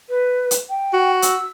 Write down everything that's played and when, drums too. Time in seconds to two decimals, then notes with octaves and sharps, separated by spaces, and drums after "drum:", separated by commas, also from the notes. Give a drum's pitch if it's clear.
0.09 B4
0.51 drum: hi-hat
0.69 G5
0.93 F#4
1.22 E6, drum: hi-hat